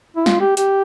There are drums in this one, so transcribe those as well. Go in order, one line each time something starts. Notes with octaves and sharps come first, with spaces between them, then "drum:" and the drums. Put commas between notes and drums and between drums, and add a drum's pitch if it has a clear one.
E4
F4, drum: snare
G4
G4, drum: hi-hat